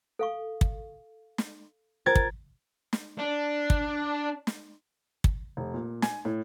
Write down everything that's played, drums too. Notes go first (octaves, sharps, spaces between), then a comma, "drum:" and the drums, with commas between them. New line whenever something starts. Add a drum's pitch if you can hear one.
A4 F5 C#6
drum: kick
drum: snare
F4 A#4 C5 G5 G#6 A6
drum: kick
drum: snare
D4
drum: kick
drum: snare
drum: kick
F1
A#2
G#5, drum: snare
A2